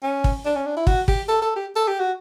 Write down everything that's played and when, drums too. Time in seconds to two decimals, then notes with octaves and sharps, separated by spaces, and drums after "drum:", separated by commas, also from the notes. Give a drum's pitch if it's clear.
0.03 C#4
0.24 drum: kick
0.46 D4
0.56 C#4
0.66 D4
0.77 E4
0.87 F#4, drum: kick
1.08 G4, drum: kick
1.28 A4
1.42 A4
1.56 G4
1.76 A4
1.88 G4
2.00 F#4